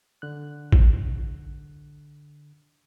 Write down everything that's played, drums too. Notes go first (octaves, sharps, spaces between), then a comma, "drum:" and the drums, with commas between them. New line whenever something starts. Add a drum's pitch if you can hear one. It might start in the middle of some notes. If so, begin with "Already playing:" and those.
D3 F#6
drum: kick